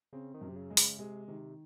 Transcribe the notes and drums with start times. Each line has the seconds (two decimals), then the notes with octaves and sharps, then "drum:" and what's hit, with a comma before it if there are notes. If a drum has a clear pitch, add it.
0.13 C#3 C4
0.34 D#3
0.41 F#2
0.49 C3
0.56 C#3
0.70 G#3
0.77 C#3, drum: open hi-hat
0.99 C3 G#3
1.28 C3 D#3